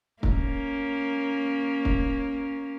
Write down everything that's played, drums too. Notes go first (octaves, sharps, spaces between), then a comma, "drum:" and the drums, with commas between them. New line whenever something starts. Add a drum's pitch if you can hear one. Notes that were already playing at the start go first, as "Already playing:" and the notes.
A#3 C#4, drum: kick
drum: kick